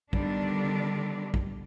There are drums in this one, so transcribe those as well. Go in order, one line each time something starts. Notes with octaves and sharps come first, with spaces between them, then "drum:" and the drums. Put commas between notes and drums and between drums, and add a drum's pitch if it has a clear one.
D3 D#3 G3 B3 D4, drum: kick
drum: kick